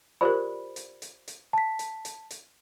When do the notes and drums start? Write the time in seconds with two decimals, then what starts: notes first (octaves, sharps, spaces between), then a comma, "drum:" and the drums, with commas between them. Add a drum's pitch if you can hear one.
0.21 F4 G4 A#4 C5 D5 B5
0.76 drum: hi-hat
1.02 drum: hi-hat
1.28 drum: hi-hat
1.53 A5 B6
1.79 drum: hi-hat
2.05 drum: hi-hat
2.31 drum: hi-hat